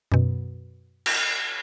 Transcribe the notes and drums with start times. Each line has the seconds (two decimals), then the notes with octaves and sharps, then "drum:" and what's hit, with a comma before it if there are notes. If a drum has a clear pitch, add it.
0.12 F#2 B2
1.06 drum: cymbal